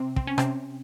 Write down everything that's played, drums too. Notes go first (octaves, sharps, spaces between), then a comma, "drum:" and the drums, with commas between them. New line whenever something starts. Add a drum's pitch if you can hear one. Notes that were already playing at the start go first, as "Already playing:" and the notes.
Already playing: C3 C4
C4, drum: kick
C#4
C3 C4, drum: rim click